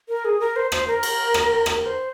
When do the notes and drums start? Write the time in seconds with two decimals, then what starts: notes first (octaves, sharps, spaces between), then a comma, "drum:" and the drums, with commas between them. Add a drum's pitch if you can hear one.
0.09 A#4
0.25 G#4
0.40 A#4
0.56 C5
0.72 C5, drum: rim click
0.87 A#4
1.03 drum: cymbal
1.34 drum: rim click
1.66 A#4, drum: rim click
1.86 C5